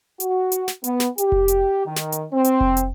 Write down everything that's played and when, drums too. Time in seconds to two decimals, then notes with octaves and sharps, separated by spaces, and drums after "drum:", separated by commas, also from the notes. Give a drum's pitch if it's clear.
0.20 F#4, drum: hi-hat
0.52 drum: hi-hat
0.68 drum: snare
0.84 B3, drum: hi-hat
1.00 drum: snare
1.18 G4, drum: hi-hat
1.32 drum: kick F1
1.48 drum: hi-hat
1.86 D#3
1.96 drum: snare
2.12 drum: hi-hat
2.33 C4
2.44 drum: hi-hat
2.61 drum: kick F1
2.77 drum: hi-hat